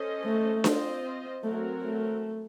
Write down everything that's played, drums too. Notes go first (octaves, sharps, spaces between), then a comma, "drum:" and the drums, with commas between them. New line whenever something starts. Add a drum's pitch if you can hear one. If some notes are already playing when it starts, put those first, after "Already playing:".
Already playing: C#4 A4 C5 D#5
A3
C4 F4 C5 D#5, drum: snare D4
F#3 A3 C4 F#4 A#4
A3